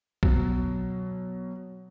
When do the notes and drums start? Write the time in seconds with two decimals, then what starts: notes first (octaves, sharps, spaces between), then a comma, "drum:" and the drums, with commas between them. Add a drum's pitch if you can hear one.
0.23 B2 F#3, drum: kick B1